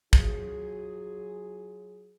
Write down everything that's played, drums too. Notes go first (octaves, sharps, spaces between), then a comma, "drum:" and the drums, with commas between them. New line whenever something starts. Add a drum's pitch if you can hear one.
F#3 F4 F#4 G#4, drum: kick